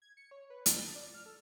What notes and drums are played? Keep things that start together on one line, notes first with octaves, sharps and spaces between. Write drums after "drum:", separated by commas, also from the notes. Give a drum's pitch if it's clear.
G#6
C#7
C#5
B4
A5, drum: hi-hat
A6
D5
F6
A4